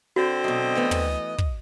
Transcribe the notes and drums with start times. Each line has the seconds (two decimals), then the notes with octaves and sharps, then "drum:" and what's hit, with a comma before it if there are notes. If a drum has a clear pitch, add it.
0.16 D3 C4 F#4
0.44 B2 F#3 D#5
0.75 E3 A3 B3
0.91 drum: tom
1.38 drum: kick